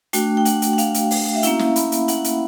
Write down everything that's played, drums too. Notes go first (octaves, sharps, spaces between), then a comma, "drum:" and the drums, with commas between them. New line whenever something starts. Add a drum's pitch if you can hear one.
A3 D4 F#4 G5, drum: hi-hat
G5
F#5, drum: hi-hat
drum: hi-hat
F#5
F5, drum: hi-hat
drum: hi-hat
drum: open hi-hat
E5
A#3 C#4 E4 F5, drum: hi-hat
drum: snare
B5, drum: hi-hat
drum: hi-hat
F#5, drum: hi-hat
drum: hi-hat